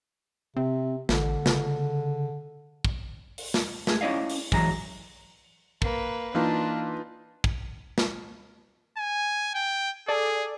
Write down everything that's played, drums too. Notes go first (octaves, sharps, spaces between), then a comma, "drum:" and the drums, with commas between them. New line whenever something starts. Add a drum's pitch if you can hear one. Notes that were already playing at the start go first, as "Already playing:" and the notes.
C3 C4
A1 D3, drum: snare
C#3, drum: snare
drum: kick
drum: open hi-hat
drum: snare
A3 G#4, drum: snare
C#4 E4 D5 D#5 F5
drum: open hi-hat
E3 F#3 G#3 A#5, drum: kick
A#3 B4, drum: kick
E3 A#3 D4 D#4 F4 B4
drum: kick
drum: snare
G#5
G5
G#4 A4 D5